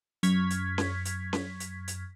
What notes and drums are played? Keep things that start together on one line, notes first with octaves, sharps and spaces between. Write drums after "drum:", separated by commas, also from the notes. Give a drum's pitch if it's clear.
F#2 C#6 F6 G#6 B6, drum: hi-hat
drum: hi-hat
drum: snare C#4
drum: hi-hat
drum: snare C#4
drum: hi-hat
drum: hi-hat